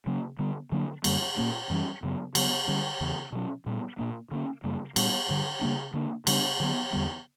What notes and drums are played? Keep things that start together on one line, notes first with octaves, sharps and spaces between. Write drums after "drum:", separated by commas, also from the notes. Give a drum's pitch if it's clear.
C#3 F#3 A#3 C#4
D3 G3 B3
D3 F#3 A#3 D4
F#2 D3 G3 A#3, drum: cymbal
A#2 A#3 C#4
F#2 E3 G3 C#4
F#2 C#3 F#3 B3
C#3 F#3 B3, drum: cymbal
D3 G3 C#4
E2 C#3 E3 B3
B2 F#3 C#4
A#2 G3 B3
A#2 A#3 D4
D3 A#3 C#4
F#2 C#3 G3 A#3
A#2 G3 B3 D4, drum: cymbal
G2 D3 G3
C#3 G3 A#3 D4
D3 A#3 D4
C#3 G3 B3 D4, drum: cymbal
D3 F#3 B3
E2 D3 G3 B3